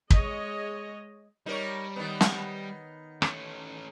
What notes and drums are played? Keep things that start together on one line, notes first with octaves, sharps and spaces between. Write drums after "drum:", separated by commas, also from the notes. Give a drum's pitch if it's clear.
G#3 C#5 D#5, drum: kick
G3 D#4 A#4 C#5
D#3 B3
drum: snare
A3 C#4, drum: rim click